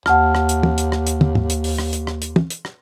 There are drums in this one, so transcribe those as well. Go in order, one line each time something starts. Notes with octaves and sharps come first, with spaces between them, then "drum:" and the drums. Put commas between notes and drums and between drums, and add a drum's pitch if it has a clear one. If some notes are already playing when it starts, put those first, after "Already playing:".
D#2 F#5 A5 F6, drum: rim click
drum: rim click
drum: hi-hat
drum: tom
drum: hi-hat
drum: rim click
drum: hi-hat
drum: tom
drum: tom
drum: hi-hat
drum: open hi-hat
drum: rim click
drum: hi-hat
drum: rim click
drum: hi-hat
drum: tom
drum: hi-hat
drum: rim click